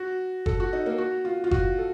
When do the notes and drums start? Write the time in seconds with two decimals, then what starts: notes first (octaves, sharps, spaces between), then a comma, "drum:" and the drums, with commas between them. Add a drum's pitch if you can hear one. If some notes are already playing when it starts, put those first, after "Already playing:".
Already playing: F#4
0.46 A4, drum: kick F#1
0.60 F#4
0.73 D#4
0.86 A#3
0.98 F#4
1.25 F4
1.44 F4
1.51 F#4, drum: kick F#1
1.78 A4